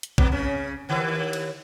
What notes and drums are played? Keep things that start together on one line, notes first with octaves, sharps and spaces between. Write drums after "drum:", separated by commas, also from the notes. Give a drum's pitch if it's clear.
drum: hi-hat
B2 B3, drum: kick
C#3 C#4
D#2 D#3
drum: cymbal